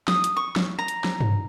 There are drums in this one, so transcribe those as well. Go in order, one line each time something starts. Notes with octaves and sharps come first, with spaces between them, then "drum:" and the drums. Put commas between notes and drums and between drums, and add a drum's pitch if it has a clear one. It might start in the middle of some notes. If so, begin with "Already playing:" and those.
D#6, drum: snare
drum: hi-hat
C#6
drum: snare
A#5
drum: hi-hat
drum: snare
drum: tom G2